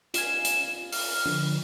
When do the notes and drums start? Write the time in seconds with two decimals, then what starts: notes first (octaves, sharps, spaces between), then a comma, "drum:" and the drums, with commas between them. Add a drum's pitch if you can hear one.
0.14 F4 F5 G#5 E7, drum: hi-hat
0.45 drum: hi-hat
0.92 F6, drum: open hi-hat
1.26 D3 F3